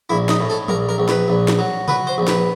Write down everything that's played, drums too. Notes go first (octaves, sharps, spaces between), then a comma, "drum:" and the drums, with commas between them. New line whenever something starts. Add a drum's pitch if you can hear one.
A#1 E4
D#4, drum: snare
A2
A4
A#1 A#4, drum: tom
A#4
A#1
B4, drum: snare
A#1
drum: snare
F#3
F#3 B4, drum: tom C3
C5
A#1
B4, drum: snare